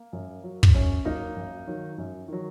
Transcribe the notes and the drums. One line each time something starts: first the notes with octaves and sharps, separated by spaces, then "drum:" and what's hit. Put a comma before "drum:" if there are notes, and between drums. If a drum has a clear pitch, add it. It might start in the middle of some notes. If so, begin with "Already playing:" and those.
Already playing: A#3
F#2
F#3
drum: kick
F#2 C#4
F#3 A#3 D#4
F#2
D#3 F#3
F#2
D#3 F#3